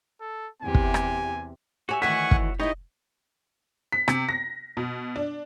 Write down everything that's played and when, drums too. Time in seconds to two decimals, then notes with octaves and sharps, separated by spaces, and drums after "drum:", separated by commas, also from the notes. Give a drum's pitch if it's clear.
0.21 A4
0.63 E2 C3 G4 G#5
0.74 drum: kick
0.94 drum: rim click
1.89 F#4 G4 C#5 E5 G#5
2.02 D2 D#3 E3 F#5 G#5 C#6 B6
2.31 drum: kick
2.60 D#4 E4 G4 B4 C#5 D#5
3.92 B6
4.08 C3, drum: rim click
4.29 A#6
4.77 B2
5.16 D4